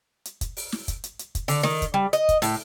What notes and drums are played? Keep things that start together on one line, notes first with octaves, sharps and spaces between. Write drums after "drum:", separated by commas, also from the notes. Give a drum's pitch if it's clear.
drum: hi-hat
drum: kick, hi-hat
drum: open hi-hat
drum: snare
drum: kick, hi-hat
drum: hi-hat
drum: hi-hat
drum: kick, hi-hat
D3, drum: open hi-hat
D#3, drum: snare
drum: kick, hi-hat
G3
D#5, drum: hi-hat
drum: kick, hi-hat
A2, drum: open hi-hat